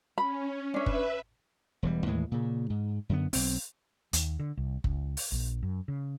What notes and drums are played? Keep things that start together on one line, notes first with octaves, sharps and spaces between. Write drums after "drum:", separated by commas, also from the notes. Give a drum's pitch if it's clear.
C#4 B5
C#4 D4 B4 E5
drum: kick F#1
E1 E3 G3
D#2 A2 E3 G#3
A#2 C#3
G#2
F#2 D3 B3
B1 C4, drum: open hi-hat
D#2, drum: hi-hat
D3
C2
C#2, drum: kick F#1
drum: open hi-hat
A#1
F#2
C#3